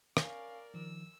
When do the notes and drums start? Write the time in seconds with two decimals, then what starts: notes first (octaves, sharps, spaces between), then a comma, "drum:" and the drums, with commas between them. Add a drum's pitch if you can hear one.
0.17 C#4 A#4 D5 F5, drum: rim click
0.74 D#3 F3 E6